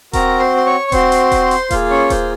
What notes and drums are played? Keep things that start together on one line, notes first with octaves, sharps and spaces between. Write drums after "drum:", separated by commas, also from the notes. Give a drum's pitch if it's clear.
C4 F#4 A#4 A#5, drum: kick D#1, hi-hat
C5 C6
C6
C#5 C#6
C#6
C4 F#4 C5 C6, drum: kick D#1, hi-hat
drum: hi-hat
drum: kick D#1, hi-hat
drum: hi-hat
A#3 F4 G#4 F5, drum: kick D#1, hi-hat
C#4 C#5
C5, drum: kick D#1, hi-hat